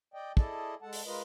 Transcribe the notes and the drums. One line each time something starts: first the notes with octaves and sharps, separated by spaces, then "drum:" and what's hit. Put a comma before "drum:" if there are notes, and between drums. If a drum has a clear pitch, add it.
D5 D#5 G5
E4 G#4 A4 D5 D#5 A5, drum: kick
G#3 A4 F#5 A5
drum: open hi-hat
G#3 F4 A#4 B4 D#5